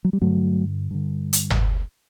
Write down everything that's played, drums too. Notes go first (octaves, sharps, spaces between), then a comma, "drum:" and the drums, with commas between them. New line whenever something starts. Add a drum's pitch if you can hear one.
F#3
G3
G2 D3 F#3 A3
G2 D3
drum: hi-hat
drum: tom G1